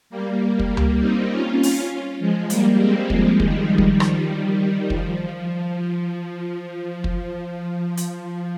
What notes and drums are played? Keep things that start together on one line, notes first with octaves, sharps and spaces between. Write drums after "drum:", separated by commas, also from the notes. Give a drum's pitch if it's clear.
G3 A#3
drum: kick
drum: tom C#2
C4 D#4
C#4 F4
drum: open hi-hat
F3 G#3
G3 A#3, drum: hi-hat
G#3 C4
F3 G#3, drum: kick
D#3 G3, drum: kick
drum: kick
F3, drum: rim click
D#3 G3
D#3
F3, drum: kick
drum: kick
drum: hi-hat